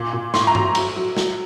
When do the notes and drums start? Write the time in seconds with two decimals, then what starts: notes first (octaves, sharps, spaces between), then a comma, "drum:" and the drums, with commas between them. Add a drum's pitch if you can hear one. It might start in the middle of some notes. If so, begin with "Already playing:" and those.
Already playing: A#2
0.13 A#2
0.34 A2 C6, drum: snare
0.47 A#5
0.55 F#3, drum: tom G2
0.75 F#3, drum: cymbal
0.96 F#3
1.17 F#3, drum: snare